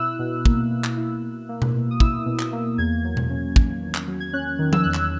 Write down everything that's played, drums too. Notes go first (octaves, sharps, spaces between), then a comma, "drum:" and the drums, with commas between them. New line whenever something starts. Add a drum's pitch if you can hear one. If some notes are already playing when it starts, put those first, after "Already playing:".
Already playing: B2 E4 E6 F#6
B2
A#3, drum: kick
B2
drum: clap
E4
B2
A#3
drum: tom B2
B2
D#6
E4 E6, drum: kick
B2
drum: clap
A#3
E2 G#6
F#3
drum: tom B2
C#4
D#3, drum: kick
E2
drum: clap
F#3
G#6
C#4 F#6
D#3
E6, drum: tom F3
E2 F#6
E6, drum: clap